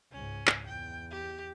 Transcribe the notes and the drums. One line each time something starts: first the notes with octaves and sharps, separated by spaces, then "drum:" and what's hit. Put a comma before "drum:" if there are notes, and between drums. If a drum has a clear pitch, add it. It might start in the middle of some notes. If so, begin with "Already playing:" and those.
C#2 G#2 C#4
drum: clap
E2 G5
G4